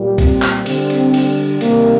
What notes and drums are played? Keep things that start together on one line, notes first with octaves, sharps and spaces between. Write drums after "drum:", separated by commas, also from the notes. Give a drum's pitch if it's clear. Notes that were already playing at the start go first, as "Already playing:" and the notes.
Already playing: A#2 G3
C4, drum: kick, cymbal
drum: clap
D3 G3 C4, drum: cymbal
drum: cymbal
drum: cymbal
C3 D#3 G3 A#3, drum: cymbal